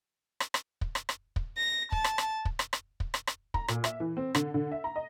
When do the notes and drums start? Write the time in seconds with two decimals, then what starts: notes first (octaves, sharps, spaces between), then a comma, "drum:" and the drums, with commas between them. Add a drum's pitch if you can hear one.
0.40 drum: rim click
0.54 drum: rim click
0.81 drum: kick
0.95 drum: rim click
1.09 drum: rim click
1.36 drum: kick
1.57 A#6
1.92 A5, drum: kick
2.04 drum: rim click
2.18 drum: rim click
2.45 drum: kick
2.59 drum: rim click
2.73 drum: rim click
3.00 drum: kick
3.14 drum: rim click
3.27 drum: rim click
3.54 A#5, drum: kick
3.68 A#2, drum: rim click
3.84 E5, drum: rim click
4.00 E3
4.17 C4
4.35 D3, drum: rim click
4.54 D3
4.72 E5
4.84 A#5
4.96 D#5